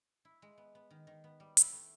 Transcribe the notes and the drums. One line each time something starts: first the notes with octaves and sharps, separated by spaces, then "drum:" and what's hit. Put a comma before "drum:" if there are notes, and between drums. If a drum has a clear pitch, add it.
E4
G#3
B3
B3
D#3
D#3
B3
G3
E4, drum: hi-hat
A3